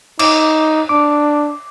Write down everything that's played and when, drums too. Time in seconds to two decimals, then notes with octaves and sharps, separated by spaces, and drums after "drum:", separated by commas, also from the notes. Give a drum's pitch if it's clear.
0.19 D#4 D6, drum: cymbal
0.89 D4 D6